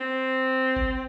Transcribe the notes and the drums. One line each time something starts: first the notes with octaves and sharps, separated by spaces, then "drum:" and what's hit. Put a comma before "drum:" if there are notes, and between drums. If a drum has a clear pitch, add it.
C4
drum: kick G#1